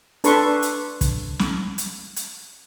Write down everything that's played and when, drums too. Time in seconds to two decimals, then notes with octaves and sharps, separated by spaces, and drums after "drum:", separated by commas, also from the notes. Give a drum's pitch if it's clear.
0.24 D4 A4 B4 C6 C#6, drum: hi-hat
0.62 drum: hi-hat
1.01 drum: kick, hi-hat
1.39 drum: snare
1.78 drum: hi-hat
2.16 drum: hi-hat